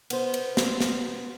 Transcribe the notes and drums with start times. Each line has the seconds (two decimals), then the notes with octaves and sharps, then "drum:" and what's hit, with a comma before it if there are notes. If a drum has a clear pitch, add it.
0.10 B3 C5, drum: cymbal
0.34 drum: cymbal
0.57 drum: snare
0.80 drum: snare